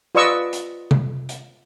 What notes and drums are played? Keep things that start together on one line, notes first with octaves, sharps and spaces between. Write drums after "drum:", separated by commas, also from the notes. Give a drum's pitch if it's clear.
F4 B4 D5 D#5 C#6 E6
drum: hi-hat
drum: tom C3
drum: hi-hat